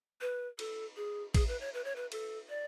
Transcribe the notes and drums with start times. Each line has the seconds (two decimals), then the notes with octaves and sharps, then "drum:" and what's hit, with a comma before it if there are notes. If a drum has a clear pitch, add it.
0.21 B4
0.59 A4, drum: cymbal
0.97 G#4
1.34 G#4, drum: kick A1, cymbal
1.48 B4
1.61 C#5
1.74 B4
1.84 C#5
1.96 B4
2.12 A4, drum: cymbal
2.49 D5